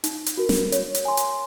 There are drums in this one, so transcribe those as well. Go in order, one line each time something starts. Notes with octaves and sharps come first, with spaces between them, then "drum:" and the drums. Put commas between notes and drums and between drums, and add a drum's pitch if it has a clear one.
D#4, drum: hi-hat
drum: hi-hat
F#4 A#4
drum: snare
C#5, drum: hi-hat
drum: hi-hat
G#5 C6
drum: hi-hat